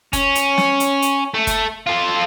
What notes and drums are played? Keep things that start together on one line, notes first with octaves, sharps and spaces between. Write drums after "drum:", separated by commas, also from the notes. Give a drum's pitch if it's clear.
C#4, drum: kick, hi-hat
drum: hi-hat
drum: snare
drum: hi-hat
drum: hi-hat
A3
drum: kick, hi-hat
F4 A4